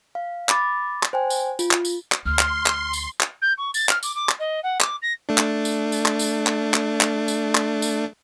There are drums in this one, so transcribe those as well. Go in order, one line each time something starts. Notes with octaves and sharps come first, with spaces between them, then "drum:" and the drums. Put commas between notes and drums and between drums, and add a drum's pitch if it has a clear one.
F5
B5 D6 A6, drum: clap
drum: clap
C5 G5 G#5
drum: tambourine
F4, drum: tambourine
drum: clap
drum: tambourine
drum: clap
D2 C6 F6
drum: clap
drum: clap
drum: tambourine
drum: clap
G6
C#6
A6, drum: tambourine
F6, drum: clap
D6, drum: tambourine
D6
drum: clap
D#5
F#5
D6, drum: clap
A#6
A3 D4
drum: clap
drum: tambourine
drum: tambourine
drum: clap
drum: tambourine
drum: clap
drum: clap
drum: clap
drum: tambourine
drum: clap
drum: tambourine